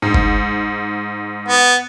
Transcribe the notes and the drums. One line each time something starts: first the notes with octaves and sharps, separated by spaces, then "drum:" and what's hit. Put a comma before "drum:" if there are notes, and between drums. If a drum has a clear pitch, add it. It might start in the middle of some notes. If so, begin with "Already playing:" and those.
G#2
drum: kick F#1
B3